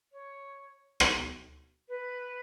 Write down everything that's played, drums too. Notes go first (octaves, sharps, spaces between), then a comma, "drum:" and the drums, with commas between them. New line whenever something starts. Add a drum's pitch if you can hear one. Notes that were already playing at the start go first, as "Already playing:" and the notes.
C#5
drum: rim click
B4